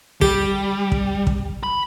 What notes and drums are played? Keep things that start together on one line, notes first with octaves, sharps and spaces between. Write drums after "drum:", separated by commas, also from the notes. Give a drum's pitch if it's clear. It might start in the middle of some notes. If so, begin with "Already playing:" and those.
G3 G4, drum: kick
drum: kick
drum: kick
B5